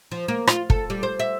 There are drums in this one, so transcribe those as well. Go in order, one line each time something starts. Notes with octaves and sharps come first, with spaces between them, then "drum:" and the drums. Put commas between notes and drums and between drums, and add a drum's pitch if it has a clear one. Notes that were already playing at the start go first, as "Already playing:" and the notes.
F3
A#3
F4, drum: rim click
A4, drum: kick
G3
C5
E5